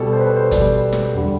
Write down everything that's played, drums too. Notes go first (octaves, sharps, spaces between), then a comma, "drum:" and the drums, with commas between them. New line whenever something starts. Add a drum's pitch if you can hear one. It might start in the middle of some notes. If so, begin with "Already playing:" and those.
Already playing: B2 G3 A4
C5
B4
C5
B2 G3 D5, drum: kick, hi-hat
drum: snare
E2 D3 G3